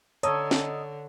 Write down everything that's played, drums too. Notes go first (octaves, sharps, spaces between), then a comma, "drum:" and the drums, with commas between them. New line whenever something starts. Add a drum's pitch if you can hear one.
D3 C#5 D#5 A5 A#5 E6, drum: hi-hat
drum: snare